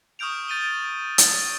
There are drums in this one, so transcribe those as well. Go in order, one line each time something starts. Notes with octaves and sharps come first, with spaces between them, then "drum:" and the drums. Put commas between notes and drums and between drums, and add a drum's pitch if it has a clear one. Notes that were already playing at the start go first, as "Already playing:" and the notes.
C#6 D#6 F6 G6 D7 F7
G6 A6 D7 D#7 G7
drum: hi-hat